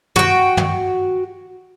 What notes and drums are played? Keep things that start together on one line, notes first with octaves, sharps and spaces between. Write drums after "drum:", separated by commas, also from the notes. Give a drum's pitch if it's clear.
F#4 G5, drum: tom
drum: tom